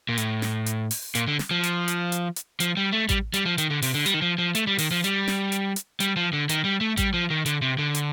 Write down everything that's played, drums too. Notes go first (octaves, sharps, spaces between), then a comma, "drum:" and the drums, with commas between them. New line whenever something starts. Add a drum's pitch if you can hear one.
A#2
A2, drum: hi-hat
drum: snare
drum: hi-hat
drum: open hi-hat
A#2, drum: hi-hat
D3
drum: snare
F3
drum: hi-hat
drum: hi-hat
drum: hi-hat
drum: hi-hat
F3, drum: hi-hat
G3
A3
G3, drum: kick A1, hi-hat
G3, drum: hi-hat
F3
D#3, drum: hi-hat
D3
C3, drum: open hi-hat
D3
G3, drum: hi-hat
D#3
F3
F3
A3, drum: hi-hat
G3
D#3, drum: open hi-hat
F3
G3, drum: hi-hat
drum: snare
drum: hi-hat
drum: hi-hat
G3, drum: hi-hat
F3
D3
D#3, drum: hi-hat
G3
A3
G3, drum: kick A1, hi-hat
F3
D#3
D3, drum: hi-hat
C3
D3
drum: hi-hat